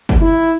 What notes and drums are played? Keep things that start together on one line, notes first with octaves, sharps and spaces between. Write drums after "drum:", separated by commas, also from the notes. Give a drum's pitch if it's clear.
drum: kick G1
E4